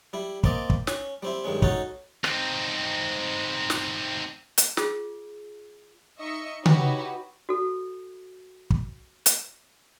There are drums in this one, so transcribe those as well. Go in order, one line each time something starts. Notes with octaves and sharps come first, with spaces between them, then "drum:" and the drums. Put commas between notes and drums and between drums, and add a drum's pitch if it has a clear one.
G3 E4
A#3 C4 D5 D#5, drum: kick
drum: kick
C#4, drum: snare
G3 C4 E4
G2 D#3 G#3 C#4
C#4 D#4 F#4 A4 C#5, drum: kick
C4 D#4, drum: rim click
drum: snare
drum: hi-hat
F4 G#4, drum: snare
D#4 D#5 E5 C#6 C#7
D#4 E4 F#4 G4 B4 C#5, drum: tom C#3
F#4 A4
drum: kick
drum: hi-hat